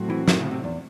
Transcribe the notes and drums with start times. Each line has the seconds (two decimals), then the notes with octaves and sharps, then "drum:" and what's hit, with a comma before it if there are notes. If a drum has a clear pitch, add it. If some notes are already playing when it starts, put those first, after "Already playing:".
Already playing: A2 F#3 C4 F#4
0.10 E3
0.28 D#3, drum: snare
0.40 C#3
0.51 C3
0.64 E2